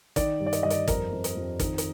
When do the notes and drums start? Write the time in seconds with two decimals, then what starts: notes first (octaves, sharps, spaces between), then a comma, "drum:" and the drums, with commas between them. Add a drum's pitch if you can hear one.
0.16 D#3 D5, drum: kick, hi-hat
0.40 G2
0.46 D5
0.53 D#5, drum: hi-hat
0.63 G2 D#5
0.70 D5, drum: hi-hat
0.88 F2 A#4, drum: kick, hi-hat
1.12 F2
1.24 drum: hi-hat
1.37 F2
1.59 D#3, drum: kick, hi-hat
1.78 drum: hi-hat